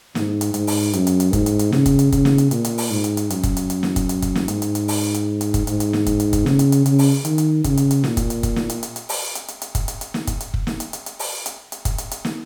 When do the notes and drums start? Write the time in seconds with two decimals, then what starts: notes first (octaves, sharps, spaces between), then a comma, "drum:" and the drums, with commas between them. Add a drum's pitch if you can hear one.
0.15 G#2, drum: snare
0.41 drum: hi-hat
0.54 G#2, drum: hi-hat
0.67 drum: open hi-hat
0.93 F#2, drum: hi-hat
1.07 drum: hi-hat
1.20 drum: hi-hat
1.33 G#2, drum: kick, hi-hat
1.46 drum: hi-hat
1.59 drum: hi-hat
1.72 C#3, drum: snare
1.86 drum: kick, hi-hat
1.99 drum: hi-hat
2.12 C#3, drum: kick, hi-hat
2.25 drum: snare
2.38 drum: hi-hat
2.51 A#2, drum: hi-hat
2.65 drum: hi-hat
2.78 drum: open hi-hat
2.91 G#2
3.04 drum: hi-hat
3.17 drum: hi-hat
3.30 F#2, drum: hi-hat
3.43 drum: kick, hi-hat
3.57 drum: hi-hat
3.70 drum: hi-hat
3.83 drum: snare
3.96 drum: kick, hi-hat
4.09 drum: hi-hat
4.22 drum: kick, hi-hat
4.35 drum: snare
4.48 G#2, drum: hi-hat
4.62 drum: hi-hat
4.75 drum: hi-hat
4.88 drum: open hi-hat
5.14 drum: hi-hat
5.41 drum: hi-hat
5.54 drum: kick, hi-hat
5.67 G#2, drum: hi-hat
5.80 drum: hi-hat
5.93 drum: snare
6.06 drum: kick, hi-hat
6.20 drum: hi-hat
6.33 drum: kick, hi-hat
6.46 C#3, drum: snare
6.59 drum: hi-hat
6.72 drum: hi-hat
6.86 C#3, drum: hi-hat
6.99 drum: open hi-hat
7.25 D#3, drum: hi-hat
7.38 drum: hi-hat
7.64 C#3, drum: kick, hi-hat
7.77 drum: hi-hat
7.91 drum: hi-hat
8.04 A#2, drum: snare
8.17 drum: kick, hi-hat
8.30 drum: hi-hat
8.43 drum: kick, hi-hat
8.56 drum: snare
8.70 drum: hi-hat
8.83 drum: hi-hat
8.96 drum: hi-hat
9.09 drum: open hi-hat
9.35 drum: hi-hat
9.48 drum: hi-hat
9.62 drum: hi-hat
9.75 drum: kick, hi-hat
9.88 drum: hi-hat
10.01 drum: hi-hat
10.14 drum: snare
10.27 drum: kick, hi-hat
10.40 drum: hi-hat
10.54 drum: kick
10.67 drum: snare
10.80 drum: hi-hat
10.93 drum: hi-hat
11.06 drum: hi-hat
11.19 drum: open hi-hat
11.46 drum: hi-hat
11.72 drum: hi-hat
11.85 drum: kick, hi-hat
11.98 drum: hi-hat
12.11 drum: hi-hat
12.25 drum: snare